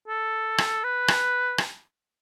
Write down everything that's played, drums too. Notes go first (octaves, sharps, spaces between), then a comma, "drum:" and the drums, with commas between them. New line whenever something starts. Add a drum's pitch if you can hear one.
A4
drum: rim click
B4
drum: rim click
drum: rim click